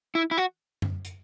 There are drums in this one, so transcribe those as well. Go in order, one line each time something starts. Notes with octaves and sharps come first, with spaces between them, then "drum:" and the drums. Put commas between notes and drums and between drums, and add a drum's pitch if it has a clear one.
E4
E4
F#4
drum: tom F#2
drum: hi-hat